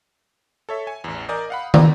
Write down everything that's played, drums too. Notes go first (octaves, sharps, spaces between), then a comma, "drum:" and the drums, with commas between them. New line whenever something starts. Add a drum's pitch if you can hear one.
A4 C#5 E5
G#5
A1 E2
A#4 D5 D#5 G#5 D#6 G6
F5 F#5 B5
D2 A#5, drum: tom